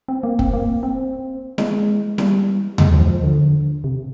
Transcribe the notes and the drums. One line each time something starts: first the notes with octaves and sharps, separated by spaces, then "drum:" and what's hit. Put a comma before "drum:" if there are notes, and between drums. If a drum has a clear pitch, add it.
C4
A#3
C4, drum: kick
A#3
C4
G#3, drum: snare E4
G3, drum: snare E4
G#3, drum: tom D#2
F3
F3
D3
C3